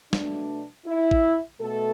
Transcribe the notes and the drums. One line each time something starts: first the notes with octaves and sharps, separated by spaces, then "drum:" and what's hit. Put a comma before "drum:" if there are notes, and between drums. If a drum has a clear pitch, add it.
B2 A3 D4, drum: snare
E4
drum: kick
B2 A3 A4